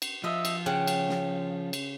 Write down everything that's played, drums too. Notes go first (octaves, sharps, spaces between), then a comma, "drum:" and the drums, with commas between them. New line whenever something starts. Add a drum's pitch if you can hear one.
drum: cymbal
F3 D#5 E5
drum: cymbal
C#3 F#5 G5
drum: cymbal
drum: snare
drum: cymbal